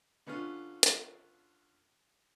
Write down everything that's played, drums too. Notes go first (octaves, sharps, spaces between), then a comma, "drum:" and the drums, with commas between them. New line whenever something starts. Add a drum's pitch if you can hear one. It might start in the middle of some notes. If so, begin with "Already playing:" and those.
D3 B3 C#4 F4
drum: hi-hat